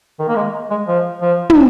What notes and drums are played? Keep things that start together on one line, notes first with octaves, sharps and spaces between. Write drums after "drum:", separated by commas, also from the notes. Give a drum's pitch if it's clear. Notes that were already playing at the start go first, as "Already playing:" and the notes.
D#3
A#3
G#3
G#3
F3
F3
drum: tom